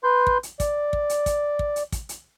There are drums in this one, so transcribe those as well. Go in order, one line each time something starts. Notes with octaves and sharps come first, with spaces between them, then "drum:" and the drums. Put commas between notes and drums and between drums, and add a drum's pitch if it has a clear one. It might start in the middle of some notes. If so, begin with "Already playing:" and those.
B4 C6 G6
drum: kick
drum: hi-hat
D5, drum: kick, hi-hat
drum: kick
drum: hi-hat
drum: kick, hi-hat
drum: kick
drum: hi-hat
drum: kick, hi-hat
drum: hi-hat